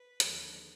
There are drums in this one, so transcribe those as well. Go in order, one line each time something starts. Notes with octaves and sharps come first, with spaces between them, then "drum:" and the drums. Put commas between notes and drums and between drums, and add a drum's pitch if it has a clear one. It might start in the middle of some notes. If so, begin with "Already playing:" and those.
Already playing: B4
D#2 D3 F3 G#3 D4, drum: hi-hat